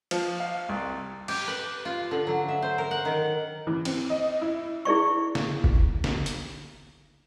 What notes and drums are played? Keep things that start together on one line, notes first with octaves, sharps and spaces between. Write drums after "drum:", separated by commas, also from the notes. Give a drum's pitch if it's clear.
F3, drum: cymbal
F5
C2
G4, drum: cymbal
B4
F4
D3
F#3
E5
C5
A#4
F#5
D#3
E3
C4, drum: cymbal
D#5
E4
E4 G#4 D5 C#6
drum: snare
drum: kick F#1
drum: snare
drum: hi-hat